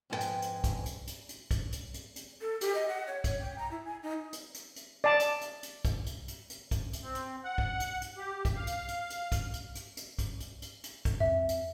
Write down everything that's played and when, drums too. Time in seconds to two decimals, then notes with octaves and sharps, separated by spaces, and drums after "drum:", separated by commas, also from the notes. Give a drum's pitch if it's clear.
0.10 F2 G#2 G#3 F4 B4 G5
0.20 drum: hi-hat
0.42 drum: hi-hat
0.64 drum: kick, hi-hat
0.86 drum: hi-hat
1.07 drum: hi-hat
1.29 drum: hi-hat
1.51 drum: kick, hi-hat
1.72 drum: hi-hat
1.94 drum: hi-hat
2.16 drum: hi-hat
2.41 A4
2.61 G4, drum: hi-hat
2.75 D#5
2.88 F#5
3.07 C#5
3.24 C#5, drum: kick, hi-hat
3.39 G5
3.58 A#5
3.71 E4
3.85 G#5
4.03 D#4
4.33 drum: hi-hat
4.54 drum: hi-hat
4.76 drum: hi-hat
5.04 D5 A5
5.19 drum: hi-hat
5.41 drum: hi-hat
5.63 drum: hi-hat
5.85 drum: kick, hi-hat
6.06 drum: hi-hat
6.28 drum: hi-hat
6.50 drum: hi-hat
6.71 drum: kick, hi-hat
6.93 drum: hi-hat
7.03 C4
7.15 drum: hi-hat
7.44 F#5
7.58 drum: kick
7.80 drum: hi-hat
8.02 drum: hi-hat
8.17 G4
8.45 drum: kick, hi-hat
8.56 F5
8.67 drum: hi-hat
8.88 drum: hi-hat
9.10 drum: hi-hat
9.32 drum: kick, hi-hat
9.53 drum: hi-hat
9.75 drum: hi-hat
9.97 drum: hi-hat
10.19 drum: kick, hi-hat
10.40 drum: hi-hat
10.62 drum: hi-hat
10.84 drum: hi-hat
11.05 drum: kick, hi-hat
11.20 F2 E5
11.49 drum: hi-hat